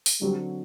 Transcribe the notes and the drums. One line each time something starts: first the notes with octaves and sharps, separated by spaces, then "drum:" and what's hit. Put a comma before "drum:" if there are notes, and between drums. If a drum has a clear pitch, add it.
drum: open hi-hat
D3 F#3 G3 C4 F#4